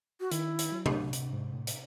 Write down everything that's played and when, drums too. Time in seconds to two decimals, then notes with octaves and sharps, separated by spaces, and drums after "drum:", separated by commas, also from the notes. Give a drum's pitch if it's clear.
0.20 F#4
0.31 D#3 E4, drum: hi-hat
0.59 drum: hi-hat
0.72 F#3
0.86 drum: tom C3
1.13 drum: hi-hat
1.33 G#2
1.54 A2
1.67 drum: hi-hat